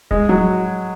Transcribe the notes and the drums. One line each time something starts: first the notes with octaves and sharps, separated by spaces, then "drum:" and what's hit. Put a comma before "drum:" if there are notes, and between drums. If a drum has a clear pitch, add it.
G#3, drum: kick D1
F#3